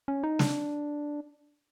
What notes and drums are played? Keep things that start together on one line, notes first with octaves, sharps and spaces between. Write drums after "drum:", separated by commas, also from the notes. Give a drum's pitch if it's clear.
C#4
D#4
D4, drum: snare